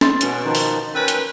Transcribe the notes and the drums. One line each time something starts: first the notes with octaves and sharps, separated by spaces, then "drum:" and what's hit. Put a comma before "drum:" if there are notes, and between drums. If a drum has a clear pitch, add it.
C6 A6, drum: snare C#4
B2 C#4, drum: hi-hat
D#3 F3 D#4
drum: open hi-hat
A#3 C#4 B4 G5 E6
drum: hi-hat